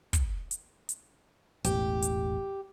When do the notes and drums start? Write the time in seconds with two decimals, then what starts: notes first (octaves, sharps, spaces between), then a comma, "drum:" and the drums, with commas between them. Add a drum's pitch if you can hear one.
0.13 drum: kick, hi-hat
0.51 drum: hi-hat
0.89 drum: hi-hat
1.65 E1 A1 A2 G4, drum: hi-hat
2.02 drum: hi-hat